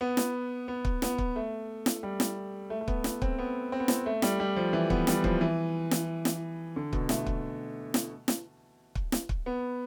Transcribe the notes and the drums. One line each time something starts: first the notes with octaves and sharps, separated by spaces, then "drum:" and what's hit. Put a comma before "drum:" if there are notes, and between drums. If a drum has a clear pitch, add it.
B3
drum: snare
B3
drum: kick
B3, drum: snare
drum: kick
A3
drum: snare
G3
drum: snare
A3
A3
B3, drum: kick
drum: snare
C4, drum: kick
B3
C4
B3
C4, drum: snare
A3
G3, drum: snare
G3
F3
E3
B3, drum: kick
G3, drum: snare
F3, drum: kick
E3
drum: snare
drum: snare
D3
B2, drum: kick
A3, drum: snare
drum: kick
drum: snare
drum: snare
drum: kick
drum: snare
drum: kick
B3